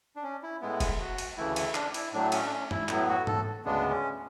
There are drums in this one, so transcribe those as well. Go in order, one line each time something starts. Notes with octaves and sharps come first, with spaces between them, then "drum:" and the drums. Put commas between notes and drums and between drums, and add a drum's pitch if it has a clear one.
D4
C#4
E4
A2 G#3 B3 E4
drum: kick E1, cymbal
F#4
drum: cymbal
D2 C#3 E3 A3 E4
E4, drum: cymbal
D4, drum: clap
E4, drum: cymbal
A2 F#3 A3 D4
C#4, drum: cymbal
D4
C#4
E4, drum: tom F#2
A2 F#3 B3 E4, drum: clap
F#4
A4, drum: tom G#2
D2 C#3 G#3 B3 D4
C#4